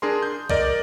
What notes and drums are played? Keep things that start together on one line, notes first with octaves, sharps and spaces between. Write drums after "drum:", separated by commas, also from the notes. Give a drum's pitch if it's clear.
D4 G#4 A#4 C6
G6
A#4 D5 D#5, drum: kick B1